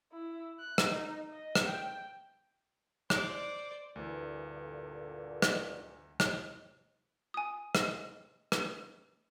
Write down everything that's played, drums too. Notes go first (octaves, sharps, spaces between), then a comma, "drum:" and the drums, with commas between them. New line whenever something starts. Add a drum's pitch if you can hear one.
E4
F#6
drum: rim click
D#4
D#5
drum: rim click
G5
C5 D5, drum: rim click
D2 G2 A#2 D3 E3
drum: rim click
drum: rim click
G#5 D#6
drum: rim click
drum: rim click